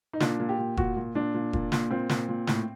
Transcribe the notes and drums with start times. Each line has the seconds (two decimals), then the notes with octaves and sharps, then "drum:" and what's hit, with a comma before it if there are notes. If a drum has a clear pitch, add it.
0.13 D#4
0.20 A#2 D4, drum: snare
0.40 A#2
0.49 G4
0.59 A#2
0.77 A#2 F#4, drum: kick E1
0.96 A#2
1.15 A#2 D4
1.34 A#2
1.53 A#2, drum: kick E1
1.72 A#2, drum: snare
1.91 A#2 C4
2.09 A#2, drum: snare
2.29 A#2
2.47 A2, drum: snare